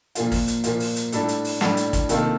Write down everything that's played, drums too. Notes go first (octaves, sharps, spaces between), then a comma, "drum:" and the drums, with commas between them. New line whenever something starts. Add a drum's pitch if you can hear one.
A#2 F3 A#3 F4, drum: hi-hat
drum: kick, open hi-hat
drum: hi-hat
A#2 F3 A#3 F4, drum: hi-hat
drum: open hi-hat
drum: hi-hat
A2 G3 D4 A4, drum: hi-hat
drum: hi-hat
drum: open hi-hat
A2 G3 D4 A4, drum: snare
drum: hi-hat
drum: kick, hi-hat
C3 D#3 A#3 F4 A4, drum: hi-hat